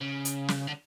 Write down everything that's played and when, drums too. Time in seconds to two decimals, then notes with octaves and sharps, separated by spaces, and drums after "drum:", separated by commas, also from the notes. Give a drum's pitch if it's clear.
0.01 C#3
0.25 drum: hi-hat
0.48 drum: snare
0.67 D3